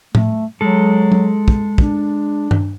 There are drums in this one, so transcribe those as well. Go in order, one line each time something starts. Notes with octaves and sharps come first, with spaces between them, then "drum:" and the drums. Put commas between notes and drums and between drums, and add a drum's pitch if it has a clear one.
A3, drum: tom A2
F#3 G#3 A4
drum: tom
drum: kick
D4, drum: kick
drum: tom G2